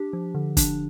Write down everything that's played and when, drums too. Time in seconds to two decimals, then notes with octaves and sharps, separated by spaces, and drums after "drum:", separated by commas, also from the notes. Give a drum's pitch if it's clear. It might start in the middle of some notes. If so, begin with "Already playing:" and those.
Already playing: D4 G4
0.13 F3
0.35 D3
0.57 D4, drum: kick, hi-hat